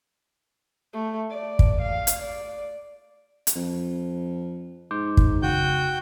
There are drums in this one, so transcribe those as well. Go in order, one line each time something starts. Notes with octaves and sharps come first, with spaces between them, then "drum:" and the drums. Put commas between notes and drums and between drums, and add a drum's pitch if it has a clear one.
A3
D5
drum: kick
F5
drum: hi-hat
D5
drum: hi-hat
F2
G#2 C6 D6 G6
drum: kick
F2 C#3 F#4 G5 G6